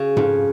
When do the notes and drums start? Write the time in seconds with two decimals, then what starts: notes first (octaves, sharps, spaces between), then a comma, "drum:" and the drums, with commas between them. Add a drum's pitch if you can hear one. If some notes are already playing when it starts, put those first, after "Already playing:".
Already playing: C#3 C#4 F#4
0.17 F2, drum: tom G#2